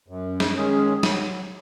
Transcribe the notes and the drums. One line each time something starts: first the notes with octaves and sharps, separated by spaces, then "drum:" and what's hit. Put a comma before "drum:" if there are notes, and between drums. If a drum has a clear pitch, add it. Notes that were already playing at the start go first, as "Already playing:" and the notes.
F#2
drum: snare
D#3 G#3 C#4 G#4
F#3, drum: snare